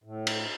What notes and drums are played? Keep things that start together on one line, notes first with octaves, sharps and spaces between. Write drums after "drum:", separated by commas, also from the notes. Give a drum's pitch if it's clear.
A2
drum: cymbal